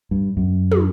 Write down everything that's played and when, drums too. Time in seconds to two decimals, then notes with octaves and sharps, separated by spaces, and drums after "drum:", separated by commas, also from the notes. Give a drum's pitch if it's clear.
0.11 G2
0.37 F#2
0.72 drum: tom